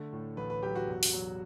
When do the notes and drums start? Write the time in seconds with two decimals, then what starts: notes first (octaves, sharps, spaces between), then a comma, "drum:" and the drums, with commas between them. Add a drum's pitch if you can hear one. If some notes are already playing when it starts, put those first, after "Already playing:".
Already playing: D3 A3
0.12 A2
0.37 A1 B4
0.50 B4
0.63 F#3 G4
0.75 F#4
0.87 E1
1.03 drum: open hi-hat
1.13 F#3